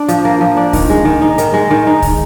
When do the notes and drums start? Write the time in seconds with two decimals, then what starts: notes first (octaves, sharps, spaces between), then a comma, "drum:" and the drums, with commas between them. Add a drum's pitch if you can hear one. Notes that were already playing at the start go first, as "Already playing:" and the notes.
Already playing: D4
0.08 F3, drum: hi-hat
0.25 A#3
0.41 F3
0.57 D4
0.73 D#3, drum: kick C2, open hi-hat
0.90 G#3
1.05 D#3
1.22 D#4
1.38 D#3, drum: hi-hat
1.54 G#3
1.71 D#3
1.87 D#4
2.02 drum: kick C2, open hi-hat